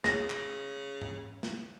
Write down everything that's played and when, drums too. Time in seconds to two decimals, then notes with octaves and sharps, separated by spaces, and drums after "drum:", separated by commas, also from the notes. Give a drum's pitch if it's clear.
0.04 C#3 G#4 C#5 A#6, drum: snare
0.30 drum: clap
1.01 drum: tom G#2
1.43 drum: snare